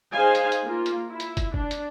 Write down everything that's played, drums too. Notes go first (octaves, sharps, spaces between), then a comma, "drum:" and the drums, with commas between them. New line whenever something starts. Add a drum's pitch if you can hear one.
D#4 G#4 C5 F5 G#5
drum: hi-hat
drum: hi-hat
A#3 F4
drum: hi-hat
E4
drum: hi-hat
drum: kick, hi-hat
D4, drum: kick
drum: hi-hat